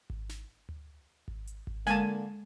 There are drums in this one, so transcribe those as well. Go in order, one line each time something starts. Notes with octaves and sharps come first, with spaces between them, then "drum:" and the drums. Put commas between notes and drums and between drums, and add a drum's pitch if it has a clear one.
drum: kick G#1
drum: snare
drum: tom D2
drum: kick G#1
drum: hi-hat
drum: kick G#1
D3 G#3 A#3 G#5 A5, drum: snare